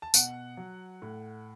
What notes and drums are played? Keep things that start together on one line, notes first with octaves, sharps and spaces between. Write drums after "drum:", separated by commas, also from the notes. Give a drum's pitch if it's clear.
A5
B2 F#5, drum: tambourine
F#3
A2